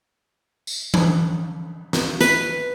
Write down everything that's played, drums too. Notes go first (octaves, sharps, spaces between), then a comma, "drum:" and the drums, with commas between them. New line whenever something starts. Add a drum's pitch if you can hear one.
drum: tambourine
drum: tom E3
drum: snare
B4, drum: hi-hat